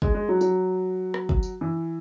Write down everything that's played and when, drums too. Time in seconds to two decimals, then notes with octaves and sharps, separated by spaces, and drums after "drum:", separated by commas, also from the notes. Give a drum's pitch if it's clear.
0.02 G#3, drum: kick
0.14 G#3
0.29 F#3
0.41 F#3, drum: tambourine
1.14 drum: rim click
1.29 drum: kick
1.43 drum: tambourine
1.61 E3